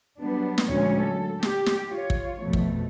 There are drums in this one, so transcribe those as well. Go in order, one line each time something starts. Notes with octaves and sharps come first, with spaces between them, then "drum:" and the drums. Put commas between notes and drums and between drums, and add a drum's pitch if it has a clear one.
F#3 G3 B3 D4
drum: snare
D2 A#2 F3 G#3 C#4 C#5
F#3 A4
G4, drum: snare
drum: snare
F4 C#5
drum: kick
F2 B2 A3
drum: kick